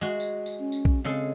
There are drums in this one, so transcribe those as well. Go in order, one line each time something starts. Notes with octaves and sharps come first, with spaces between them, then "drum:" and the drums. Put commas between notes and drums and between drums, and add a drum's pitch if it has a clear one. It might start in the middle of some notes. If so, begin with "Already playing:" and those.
G#3 F#4
drum: tambourine
drum: tambourine
C#4
drum: tambourine
drum: kick A#1
C#3 G#3 C4 A4